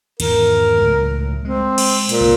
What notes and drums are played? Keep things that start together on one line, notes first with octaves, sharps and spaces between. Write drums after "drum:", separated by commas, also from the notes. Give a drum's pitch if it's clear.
E2 G#2 D#3 A#4, drum: cymbal
C#2 A2 F#3
G#3 C4
drum: cymbal
A#2, drum: hi-hat
C2 G#3 A#3